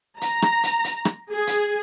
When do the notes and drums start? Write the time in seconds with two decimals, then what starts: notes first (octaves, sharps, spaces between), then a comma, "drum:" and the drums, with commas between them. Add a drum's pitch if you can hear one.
0.21 A#5, drum: hi-hat
0.42 drum: rim click
0.63 drum: hi-hat
0.84 drum: hi-hat
1.05 drum: rim click
1.31 G#4
1.47 drum: hi-hat